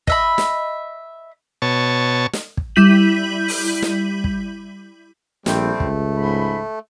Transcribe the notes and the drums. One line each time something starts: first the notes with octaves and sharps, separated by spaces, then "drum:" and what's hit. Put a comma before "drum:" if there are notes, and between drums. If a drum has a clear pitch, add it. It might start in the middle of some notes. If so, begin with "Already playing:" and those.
D#5 E5 B5, drum: kick
drum: snare
B2 C#5 A5
drum: snare
drum: kick
G3 E4 G6 B6 D#7 F#7
drum: open hi-hat
drum: snare
drum: kick
A#1 G3 A3 C4, drum: snare
C#2, drum: kick
G#2 B5